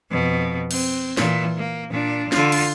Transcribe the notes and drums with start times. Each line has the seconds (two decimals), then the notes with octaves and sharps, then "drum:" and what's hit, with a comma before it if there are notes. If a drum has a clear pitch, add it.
0.10 F2 B2
0.71 C4, drum: cymbal
1.17 A#2 E3, drum: snare
1.57 A#3
1.90 A#2 D4
2.32 D3 F4, drum: snare
2.52 drum: cymbal